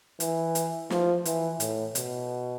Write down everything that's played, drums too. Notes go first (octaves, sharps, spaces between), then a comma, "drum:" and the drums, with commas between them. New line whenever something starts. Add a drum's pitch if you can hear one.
E3, drum: hi-hat
drum: hi-hat
F3, drum: snare
E3, drum: hi-hat
A2, drum: hi-hat
B2, drum: hi-hat